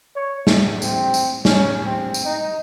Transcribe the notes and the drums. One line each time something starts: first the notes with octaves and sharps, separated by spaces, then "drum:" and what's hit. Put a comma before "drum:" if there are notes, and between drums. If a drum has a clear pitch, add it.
C#5
A3, drum: snare
C4, drum: tambourine
drum: tambourine
C#4, drum: snare
C4
drum: tambourine
D#4